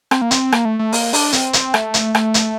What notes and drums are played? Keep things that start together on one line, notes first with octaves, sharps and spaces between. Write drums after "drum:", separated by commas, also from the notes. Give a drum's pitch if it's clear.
C4, drum: rim click
A#3
C4, drum: hi-hat
A#3, drum: rim click
A3
A3
A#3, drum: open hi-hat
D4, drum: open hi-hat
C4, drum: hi-hat
drum: hi-hat
A3, drum: rim click
drum: hi-hat
A3, drum: rim click
drum: hi-hat